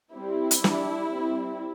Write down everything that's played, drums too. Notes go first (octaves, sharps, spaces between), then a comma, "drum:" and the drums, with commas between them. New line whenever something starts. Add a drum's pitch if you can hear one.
G3 C4 E4
drum: hi-hat
G3 D4, drum: snare
G3 C4